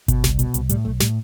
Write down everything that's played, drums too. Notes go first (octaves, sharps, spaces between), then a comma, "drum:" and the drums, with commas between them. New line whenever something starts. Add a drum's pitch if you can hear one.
B2, drum: kick G1, hi-hat
C2, drum: snare
B2, drum: hi-hat
C2, drum: hi-hat
A2 G3, drum: hi-hat
B1 A3
A2 G3, drum: snare